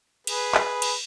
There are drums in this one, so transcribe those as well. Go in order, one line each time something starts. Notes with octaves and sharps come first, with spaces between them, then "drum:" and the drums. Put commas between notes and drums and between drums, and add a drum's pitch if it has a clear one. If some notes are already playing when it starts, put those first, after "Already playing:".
G#4 B4, drum: cymbal
drum: clap
drum: cymbal